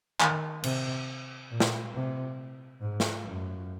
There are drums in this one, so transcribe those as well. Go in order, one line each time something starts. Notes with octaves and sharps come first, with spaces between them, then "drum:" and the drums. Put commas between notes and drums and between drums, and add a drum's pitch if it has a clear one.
D#3, drum: clap
C3, drum: cymbal
A#2
drum: snare
C3
G#2
drum: snare
F#2